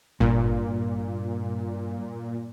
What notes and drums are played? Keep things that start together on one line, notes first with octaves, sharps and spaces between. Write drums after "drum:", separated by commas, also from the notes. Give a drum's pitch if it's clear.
G2 A#2, drum: kick G#1